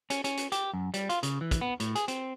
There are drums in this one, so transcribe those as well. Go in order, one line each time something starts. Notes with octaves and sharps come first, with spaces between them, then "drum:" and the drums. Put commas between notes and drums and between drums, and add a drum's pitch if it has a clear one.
C#4, drum: hi-hat
C#4, drum: hi-hat
drum: hi-hat
G4, drum: hi-hat
F#2
G3, drum: hi-hat
F4, drum: hi-hat
C#3, drum: hi-hat
E3
drum: kick, hi-hat
B3
A2, drum: hi-hat
G#4, drum: hi-hat
C4, drum: hi-hat